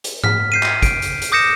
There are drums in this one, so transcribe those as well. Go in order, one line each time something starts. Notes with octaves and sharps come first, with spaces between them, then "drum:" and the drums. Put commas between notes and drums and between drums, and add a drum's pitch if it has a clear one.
drum: hi-hat
F6 B6, drum: tom G#2
G6 C7 D#7
drum: clap
D7, drum: kick, hi-hat
drum: hi-hat
drum: hi-hat
D6 D#6 G6 A#6 C#7 E7